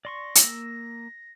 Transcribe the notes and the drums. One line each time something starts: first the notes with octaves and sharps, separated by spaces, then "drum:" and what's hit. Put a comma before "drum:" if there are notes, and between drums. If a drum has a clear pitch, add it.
D5 C6 C#6 A#6
A#3 E6, drum: hi-hat